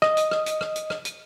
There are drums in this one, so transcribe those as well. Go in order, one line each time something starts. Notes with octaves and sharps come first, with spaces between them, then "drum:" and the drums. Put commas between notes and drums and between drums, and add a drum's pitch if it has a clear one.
D#5, drum: rim click
drum: hi-hat
drum: rim click
drum: hi-hat
drum: rim click
drum: hi-hat
drum: rim click
drum: hi-hat